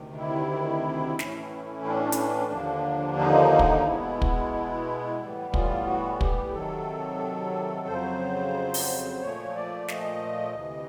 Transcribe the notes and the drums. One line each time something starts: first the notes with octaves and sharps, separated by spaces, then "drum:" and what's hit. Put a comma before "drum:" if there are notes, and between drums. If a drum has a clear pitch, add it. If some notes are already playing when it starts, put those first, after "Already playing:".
Already playing: D2 C3 D#3
E4
A2 E3 A3 C#4, drum: snare
D4
drum: hi-hat
D#2 D3 F3 A#3
D#4
drum: kick
B2 G#3 B3 E4
drum: kick
A2 E3 G3 B3
F4, drum: kick
F#4
G4, drum: kick
C3 D#3 F#3 A4
F2 C#3 F#3 C5
drum: open hi-hat
A#2 F3 A3 C#5
D5
D#5, drum: snare
D2 C3 E3